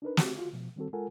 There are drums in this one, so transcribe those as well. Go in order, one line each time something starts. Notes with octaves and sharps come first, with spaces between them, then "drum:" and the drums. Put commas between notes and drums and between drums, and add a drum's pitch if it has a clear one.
D4 D#4 A#4 B4
C4 F#4 G4, drum: snare
F4 F#4
B2 F3
D#3 G3 C4 F#4 A4
G#3 F4 A4 A#4 F#5 G#5